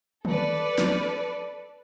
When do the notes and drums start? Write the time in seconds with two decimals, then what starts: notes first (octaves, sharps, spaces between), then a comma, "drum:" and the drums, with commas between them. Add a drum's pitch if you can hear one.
0.25 A4 B4 D5, drum: tom
0.78 drum: snare